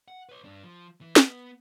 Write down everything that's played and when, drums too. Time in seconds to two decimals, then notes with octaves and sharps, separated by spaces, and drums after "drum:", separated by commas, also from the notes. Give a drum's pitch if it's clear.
0.08 F#5
0.29 B4 C#5
0.44 G2 D4
0.64 F3
1.01 E3
1.16 B3, drum: snare